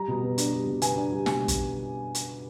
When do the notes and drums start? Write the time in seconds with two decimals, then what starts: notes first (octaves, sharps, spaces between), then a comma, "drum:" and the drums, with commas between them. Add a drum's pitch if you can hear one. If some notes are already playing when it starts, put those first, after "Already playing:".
Already playing: G3 A#5
0.08 B2
0.23 B3
0.38 D4, drum: hi-hat
0.53 G3
0.67 B2
0.82 B3 G#5, drum: hi-hat
0.96 D4
1.12 G3
1.26 B2 G#5, drum: snare
1.48 drum: kick, hi-hat
2.15 drum: hi-hat